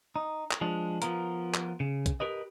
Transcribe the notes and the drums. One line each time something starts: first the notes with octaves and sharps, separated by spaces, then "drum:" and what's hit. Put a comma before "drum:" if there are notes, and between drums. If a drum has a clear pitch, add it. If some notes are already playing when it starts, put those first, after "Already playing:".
D#4
drum: clap
F3 G#3 D4
F3 B3 F4 A#4, drum: hi-hat
drum: clap
C#3
drum: kick, hi-hat
G4 A#4 B4 D#5